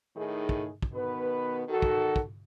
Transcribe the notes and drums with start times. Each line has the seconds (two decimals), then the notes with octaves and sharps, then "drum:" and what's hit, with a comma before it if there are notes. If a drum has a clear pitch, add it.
0.16 A2 D#3 D#4 G#4
0.49 drum: kick
0.82 drum: kick
0.92 B2 D#3 B3 B4
1.68 D#3 F#4 A4
1.82 drum: kick
2.16 drum: kick